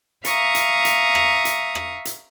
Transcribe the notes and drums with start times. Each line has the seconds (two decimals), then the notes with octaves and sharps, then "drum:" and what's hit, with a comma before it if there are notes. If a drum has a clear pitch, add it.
0.25 E5 F5 A#5 C#6 D#6, drum: hi-hat
0.55 drum: hi-hat
0.85 drum: hi-hat
1.15 drum: rim click
1.45 drum: hi-hat
1.75 drum: rim click
2.05 drum: hi-hat